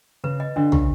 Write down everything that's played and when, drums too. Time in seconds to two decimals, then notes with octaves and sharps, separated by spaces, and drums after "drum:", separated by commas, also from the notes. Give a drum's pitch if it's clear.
0.24 C#3 B4
0.40 D#5
0.56 D3 D4
0.72 C#3 G4, drum: tom